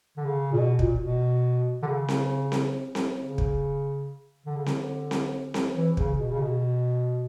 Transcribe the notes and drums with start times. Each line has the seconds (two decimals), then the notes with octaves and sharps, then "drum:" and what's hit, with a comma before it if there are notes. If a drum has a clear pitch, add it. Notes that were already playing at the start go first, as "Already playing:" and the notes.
0.17 D3
0.25 C#3
0.53 A#2
0.58 B2
0.79 A#2, drum: kick
1.01 B2
1.83 D3
1.87 C#3
2.08 drum: snare C4
2.52 drum: snare C4
2.95 drum: snare C4
3.17 C#3
3.38 drum: kick
4.46 D3
4.56 C#3
4.66 D3, drum: snare C4
5.11 drum: snare C4
5.54 drum: snare C4
5.76 E3
5.97 C#3, drum: kick
6.19 B2
6.31 C#3
6.40 B2